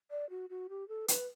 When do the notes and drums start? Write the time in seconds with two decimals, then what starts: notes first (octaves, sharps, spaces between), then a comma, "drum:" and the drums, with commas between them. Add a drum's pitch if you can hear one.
0.11 D5
0.30 F#4
0.50 F#4
0.69 G4
0.88 A4
1.08 B4, drum: hi-hat